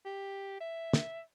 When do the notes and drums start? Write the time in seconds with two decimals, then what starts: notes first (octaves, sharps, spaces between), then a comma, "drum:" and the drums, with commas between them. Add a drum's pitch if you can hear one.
0.05 G4
0.61 E5
0.93 drum: snare